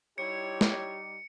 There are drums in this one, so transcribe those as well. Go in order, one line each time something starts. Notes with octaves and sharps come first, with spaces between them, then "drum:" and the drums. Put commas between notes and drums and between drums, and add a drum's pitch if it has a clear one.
G3 D#4 E4 G4 C#5 C#7
drum: snare